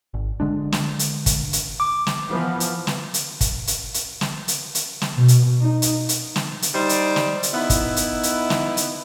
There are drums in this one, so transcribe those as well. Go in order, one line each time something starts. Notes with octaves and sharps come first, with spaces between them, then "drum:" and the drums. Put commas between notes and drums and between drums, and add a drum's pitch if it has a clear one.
G#1
D3 G#3 D4
drum: snare
drum: hi-hat
drum: kick, hi-hat
drum: hi-hat
D6
drum: snare
E3 F3 B3
drum: hi-hat
drum: snare
drum: hi-hat
drum: kick, hi-hat
drum: hi-hat
drum: hi-hat
drum: snare
drum: hi-hat
drum: hi-hat
drum: snare
B2
drum: hi-hat
D#4
drum: hi-hat
drum: hi-hat
drum: snare
drum: hi-hat
G3 D#4 C5 D5
drum: hi-hat
drum: snare
drum: hi-hat
B3 D#4 E4
drum: kick, hi-hat
drum: hi-hat
drum: hi-hat
drum: snare
drum: hi-hat